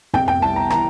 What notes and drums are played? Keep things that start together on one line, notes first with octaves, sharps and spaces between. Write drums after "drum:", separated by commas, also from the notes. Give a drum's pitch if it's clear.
C3 G5, drum: tom
G5
C2 A5
A#5
E3 A#5, drum: rim click